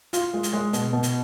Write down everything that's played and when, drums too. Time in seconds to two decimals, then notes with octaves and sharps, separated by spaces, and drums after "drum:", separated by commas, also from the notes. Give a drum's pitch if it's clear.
0.13 F4, drum: hi-hat
0.34 G#3
0.43 drum: hi-hat
0.53 G#3
0.73 B2, drum: hi-hat
0.93 B2
1.03 drum: hi-hat